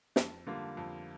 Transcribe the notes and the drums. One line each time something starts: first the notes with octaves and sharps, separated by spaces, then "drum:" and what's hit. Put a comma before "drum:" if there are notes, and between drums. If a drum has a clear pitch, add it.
F2, drum: snare
D3 G3 A#3 F4
F2